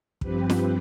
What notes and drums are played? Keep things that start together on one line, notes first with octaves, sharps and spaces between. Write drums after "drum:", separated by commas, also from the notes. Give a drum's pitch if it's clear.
G2 F3 C4 G4 B4, drum: kick
drum: snare